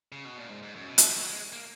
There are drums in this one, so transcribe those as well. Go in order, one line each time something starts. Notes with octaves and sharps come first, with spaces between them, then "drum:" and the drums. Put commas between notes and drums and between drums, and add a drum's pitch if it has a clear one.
C#3
B2
A#2
G#2
G#2
F#2
B2
D#3, drum: hi-hat
F3
F#3
G#3
A#3